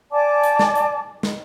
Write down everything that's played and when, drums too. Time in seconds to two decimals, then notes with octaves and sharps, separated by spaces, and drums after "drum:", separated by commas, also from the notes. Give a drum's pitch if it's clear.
0.11 D5 G#5 A5 D6
0.43 drum: hi-hat
0.59 drum: snare
0.75 drum: hi-hat
1.23 drum: snare